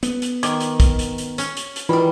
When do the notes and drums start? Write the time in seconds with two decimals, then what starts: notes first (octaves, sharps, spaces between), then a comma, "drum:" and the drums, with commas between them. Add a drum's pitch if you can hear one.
0.03 B3, drum: hi-hat
0.22 drum: hi-hat
0.43 D#3 D6, drum: hi-hat
0.60 drum: hi-hat
0.80 drum: kick, hi-hat
0.99 drum: hi-hat
1.18 drum: hi-hat
1.38 C#4, drum: hi-hat
1.57 drum: hi-hat
1.76 drum: hi-hat
1.89 D#3 E3 G3 F4